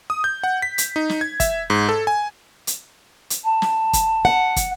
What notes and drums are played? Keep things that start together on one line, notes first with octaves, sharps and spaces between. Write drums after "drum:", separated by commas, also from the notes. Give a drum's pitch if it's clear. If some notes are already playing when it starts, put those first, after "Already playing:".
D#6
G6
F#5
B6
drum: hi-hat
D#4
drum: snare
G#6
E5, drum: kick, hi-hat
G#2
A4
G#5
drum: hi-hat
drum: hi-hat
A5
drum: snare
drum: kick, hi-hat
F#5
drum: kick, hi-hat